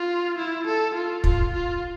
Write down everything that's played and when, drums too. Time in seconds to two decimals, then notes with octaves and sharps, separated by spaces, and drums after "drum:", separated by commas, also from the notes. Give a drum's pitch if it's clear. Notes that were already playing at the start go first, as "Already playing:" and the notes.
Already playing: F4
0.38 E4
0.67 A4
0.95 F4
1.24 F4, drum: kick
1.53 F4